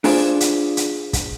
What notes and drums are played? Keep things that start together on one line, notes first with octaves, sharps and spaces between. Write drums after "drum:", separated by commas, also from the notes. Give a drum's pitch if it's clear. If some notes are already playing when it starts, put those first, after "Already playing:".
D4 F4 G#4 C5 D5, drum: open hi-hat
drum: hi-hat
drum: hi-hat
drum: kick, hi-hat